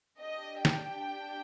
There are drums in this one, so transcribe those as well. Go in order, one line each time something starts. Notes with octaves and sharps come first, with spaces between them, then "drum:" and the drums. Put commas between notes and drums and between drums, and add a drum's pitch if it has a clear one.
D4 G4 D#5
G5, drum: snare